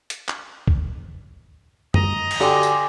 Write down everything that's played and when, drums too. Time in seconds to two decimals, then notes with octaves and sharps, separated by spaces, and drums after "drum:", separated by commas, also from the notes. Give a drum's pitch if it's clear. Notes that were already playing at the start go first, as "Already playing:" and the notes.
0.10 drum: hi-hat
0.28 drum: clap
0.68 drum: kick
1.94 D#5 A#5, drum: tom F#2
2.31 drum: cymbal
2.40 D3 F#4 G4 G#5 C6 D6
2.63 drum: tambourine